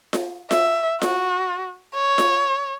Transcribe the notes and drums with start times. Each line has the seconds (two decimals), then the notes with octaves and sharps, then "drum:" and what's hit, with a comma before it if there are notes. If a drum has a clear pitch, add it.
0.13 drum: snare F4
0.51 E5, drum: snare F4
1.02 F#4, drum: snare F4
1.95 C#5
2.18 drum: snare F4